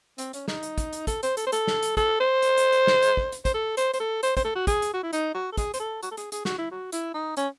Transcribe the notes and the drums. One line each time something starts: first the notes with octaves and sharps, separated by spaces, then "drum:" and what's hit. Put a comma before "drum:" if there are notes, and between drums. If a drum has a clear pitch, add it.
C4, drum: hi-hat
C#4, drum: hi-hat
D#4, drum: snare
drum: hi-hat
drum: kick, hi-hat
drum: hi-hat
A4, drum: kick, hi-hat
C5, drum: hi-hat
A4, drum: hi-hat
C5
A4, drum: hi-hat
drum: snare
drum: hi-hat
A4, drum: kick, hi-hat
C5
drum: hi-hat
drum: hi-hat
drum: hi-hat
drum: snare
drum: hi-hat
drum: kick
drum: hi-hat
C5, drum: kick, hi-hat
A4
C5, drum: hi-hat
C5, drum: hi-hat
A4
C5, drum: hi-hat
C5, drum: kick, hi-hat
A4
F#4
G#4, drum: kick, hi-hat
drum: hi-hat
F#4
E4
D#4, drum: hi-hat
F#4
A4
G#4, drum: kick, hi-hat
C5, drum: hi-hat
A4
F#4, drum: hi-hat
A4
G#4, drum: hi-hat
G#4, drum: hi-hat
F#4, drum: snare
E4
F#4
E4, drum: hi-hat
D#4
C#4, drum: hi-hat